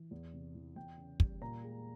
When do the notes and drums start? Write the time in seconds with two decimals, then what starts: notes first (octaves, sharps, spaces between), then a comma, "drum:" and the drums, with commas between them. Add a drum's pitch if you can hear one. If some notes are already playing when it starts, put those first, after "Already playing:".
Already playing: E3
0.11 E2
0.33 C3
0.55 E3
0.76 E2 G5
0.98 C#3
1.20 G3, drum: kick
1.41 A#2 A#5
1.64 G#3